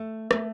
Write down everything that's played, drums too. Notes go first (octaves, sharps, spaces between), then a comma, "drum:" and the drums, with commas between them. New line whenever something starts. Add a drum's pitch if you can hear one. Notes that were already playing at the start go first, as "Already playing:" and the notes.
Already playing: A3
A3, drum: rim click